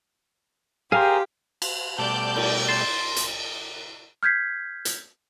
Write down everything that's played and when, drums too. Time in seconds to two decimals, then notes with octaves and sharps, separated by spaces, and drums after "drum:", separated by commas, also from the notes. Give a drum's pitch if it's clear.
0.92 G4 G#4 A#4 C5 F5
1.62 drum: cymbal
1.98 B2 G3 A3 D5 A5 G6
2.36 drum: cymbal
2.68 C6 A6 C7 E7
3.16 drum: hi-hat
4.23 F6 G6 G#6 B6 C7
4.85 drum: hi-hat